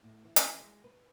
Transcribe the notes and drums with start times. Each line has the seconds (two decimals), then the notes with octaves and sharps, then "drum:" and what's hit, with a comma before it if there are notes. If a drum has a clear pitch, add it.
0.03 A2
0.24 E3
0.36 drum: hi-hat
0.59 G#3
0.84 B4